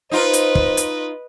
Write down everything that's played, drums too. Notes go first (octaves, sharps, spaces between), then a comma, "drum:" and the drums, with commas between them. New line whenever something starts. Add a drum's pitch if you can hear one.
D#4 F4 B4 C5 D#5
drum: hi-hat
drum: kick
drum: hi-hat